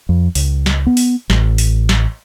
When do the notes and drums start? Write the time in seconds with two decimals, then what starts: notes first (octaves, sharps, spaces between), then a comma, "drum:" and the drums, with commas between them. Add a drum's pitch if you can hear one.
0.09 F2
0.35 C#2, drum: open hi-hat
0.66 drum: snare
0.86 B3
0.97 drum: open hi-hat
1.30 A1, drum: snare
1.58 drum: open hi-hat
1.89 drum: snare